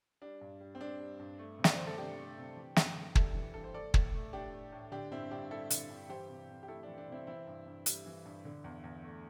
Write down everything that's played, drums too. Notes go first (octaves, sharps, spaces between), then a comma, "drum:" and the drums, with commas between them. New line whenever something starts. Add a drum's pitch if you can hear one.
G3 D4
G2
G3
C4
G2 D4
G3
G2
A3
C3
D5, drum: snare
A3 C5
A4
C3 D4 G4
A3
C3
E3
G2, drum: snare
G2
G3 E4 A4, drum: kick
E3
G2 A4
C5
A3 A4 D5
A2, drum: kick
A3
A2 D4 G4
A3
A2
D3 D4 G4
G2 C4 E4
G2 D4 G4
G3 E4 A4
D3, drum: hi-hat
G2
E3 G4 C5
C3
C3
G4
A3 E4 A4
E3 D4
D4
C3 C4 E4
E3 C4 E4
G2
G2
G3, drum: hi-hat
E3
G2
D3
E2
E2
A3